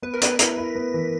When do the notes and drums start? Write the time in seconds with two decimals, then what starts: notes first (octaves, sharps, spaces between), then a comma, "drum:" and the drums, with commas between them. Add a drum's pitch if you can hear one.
0.02 B3 B4
0.14 A#4
0.21 B3 B4, drum: hi-hat
0.39 E4, drum: hi-hat
0.58 E4
0.76 B3
0.94 E3